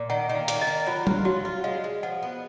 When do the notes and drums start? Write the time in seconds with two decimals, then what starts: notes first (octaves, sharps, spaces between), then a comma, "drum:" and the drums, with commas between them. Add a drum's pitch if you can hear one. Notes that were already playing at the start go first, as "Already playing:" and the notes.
Already playing: A#2
0.10 D#3 F#5
0.29 D#3
0.35 F5
0.48 A#3, drum: hi-hat
0.61 D#5
0.67 D#3
0.87 F#3 F4
1.07 F4, drum: tom F#3
1.25 F#3 F#4
1.45 F4
1.64 G#3 F5
1.84 G#3
2.03 F3 F#5
2.23 B3